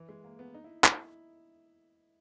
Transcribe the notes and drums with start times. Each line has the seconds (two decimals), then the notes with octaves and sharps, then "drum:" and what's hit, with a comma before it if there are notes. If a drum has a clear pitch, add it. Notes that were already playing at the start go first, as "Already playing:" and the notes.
Already playing: E3
0.09 G#3
0.24 A#3
0.39 B3
0.54 D#4
0.64 E4
0.84 E4, drum: clap